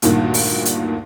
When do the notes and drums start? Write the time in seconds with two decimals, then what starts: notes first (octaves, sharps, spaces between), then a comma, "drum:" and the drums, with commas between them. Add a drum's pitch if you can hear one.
0.02 D2 G2 A#2 D#3, drum: hi-hat
0.34 drum: open hi-hat
0.65 drum: hi-hat